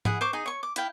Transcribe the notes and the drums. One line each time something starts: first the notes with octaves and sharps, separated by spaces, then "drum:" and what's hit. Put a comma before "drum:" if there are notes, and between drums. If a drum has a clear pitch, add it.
E4 G#4 F#5, drum: tom G#2
C5 C#6 D6
D#4 G#4 G#5
C#5 C#6
D6
E4 F5 G5, drum: hi-hat